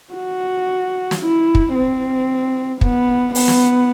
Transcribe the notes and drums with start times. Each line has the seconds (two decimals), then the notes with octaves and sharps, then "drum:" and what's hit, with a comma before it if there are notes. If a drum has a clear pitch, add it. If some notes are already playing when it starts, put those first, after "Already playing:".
0.13 F#4
1.11 drum: snare
1.20 E4
1.55 drum: kick
1.74 C4
2.81 B3, drum: kick
3.35 B3, drum: open hi-hat
3.48 drum: snare